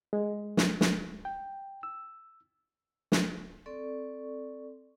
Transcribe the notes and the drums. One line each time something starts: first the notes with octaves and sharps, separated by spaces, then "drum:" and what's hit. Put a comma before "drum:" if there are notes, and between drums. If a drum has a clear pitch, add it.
G#3
drum: snare
drum: snare
G5
E6
drum: snare
C4 A4 D5 C#6